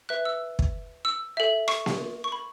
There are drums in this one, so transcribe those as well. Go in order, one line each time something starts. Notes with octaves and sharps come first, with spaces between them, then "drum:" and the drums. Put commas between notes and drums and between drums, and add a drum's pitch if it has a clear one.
B4 E5 F#6
E6
drum: kick
E6
A4 E5
C#6, drum: rim click
drum: snare A#3
C#6
B5